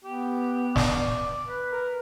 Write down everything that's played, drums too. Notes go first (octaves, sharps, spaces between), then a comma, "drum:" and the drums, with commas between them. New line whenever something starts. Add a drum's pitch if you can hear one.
B3 G4
D5, drum: snare
B4
A#4